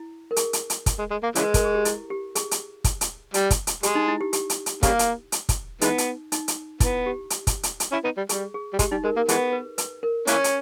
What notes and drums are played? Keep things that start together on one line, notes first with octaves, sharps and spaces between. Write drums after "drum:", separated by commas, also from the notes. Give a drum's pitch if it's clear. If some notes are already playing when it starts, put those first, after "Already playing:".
Already playing: E4
A#4
G#4, drum: hi-hat
drum: hi-hat
drum: hi-hat
drum: kick, hi-hat
G#3
G#3
A#3
C#3 E3 G#3, drum: hi-hat
B4
A#4, drum: kick, hi-hat
G#4
G4
E4, drum: hi-hat
G4
G#4, drum: hi-hat
drum: hi-hat
drum: kick, hi-hat
drum: hi-hat
G3, drum: hi-hat
drum: kick, hi-hat
drum: hi-hat
G#3 G4, drum: hi-hat
D#4
E4
G4
G4, drum: hi-hat
drum: hi-hat
drum: hi-hat
C#3 G3 A#3, drum: kick, hi-hat
drum: hi-hat
drum: hi-hat
drum: kick, hi-hat
E3 G#3 B3 D#4, drum: hi-hat
drum: hi-hat
D#4, drum: hi-hat
drum: hi-hat
B3 E4, drum: kick, hi-hat
G4
drum: hi-hat
drum: kick, hi-hat
drum: hi-hat
drum: hi-hat
C#4 E4
B3 D#4
G3
G3 G#4, drum: hi-hat
G#4
G3
G#3 G4, drum: kick, hi-hat
G3 D#4
G#3 A#4
A#3 A#4
E3 G#3 B3 G#4, drum: hi-hat
B4
B4, drum: hi-hat
A#4
E3 A#3 C#4, drum: hi-hat
drum: hi-hat